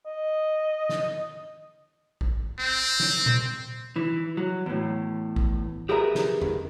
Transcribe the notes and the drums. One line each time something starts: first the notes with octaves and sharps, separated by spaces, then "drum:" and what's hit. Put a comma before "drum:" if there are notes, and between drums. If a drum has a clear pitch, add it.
D#5
drum: snare
drum: kick A1
C4
drum: snare
drum: tom A#2
E3
F#3
E2 A2
drum: kick A1
G4 G#4 A#4 B4 E5 A#5
drum: snare
drum: tom E2